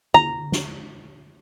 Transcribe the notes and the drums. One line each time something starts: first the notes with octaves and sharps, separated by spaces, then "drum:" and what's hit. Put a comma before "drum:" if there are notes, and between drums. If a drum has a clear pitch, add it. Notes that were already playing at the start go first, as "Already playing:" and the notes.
A#5, drum: tom D3
drum: snare